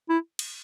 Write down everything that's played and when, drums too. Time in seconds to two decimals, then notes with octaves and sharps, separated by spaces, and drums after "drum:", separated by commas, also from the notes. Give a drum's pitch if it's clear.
0.10 E4
0.39 drum: cymbal